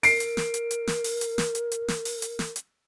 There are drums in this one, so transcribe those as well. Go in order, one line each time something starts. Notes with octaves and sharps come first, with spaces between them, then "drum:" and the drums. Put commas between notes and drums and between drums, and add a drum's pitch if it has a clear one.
A#4 C7 D7, drum: open hi-hat
drum: hi-hat
drum: snare
drum: hi-hat
drum: hi-hat
drum: snare
drum: open hi-hat
drum: hi-hat
drum: snare
drum: hi-hat
drum: hi-hat
drum: snare
drum: open hi-hat
drum: hi-hat
drum: snare
drum: hi-hat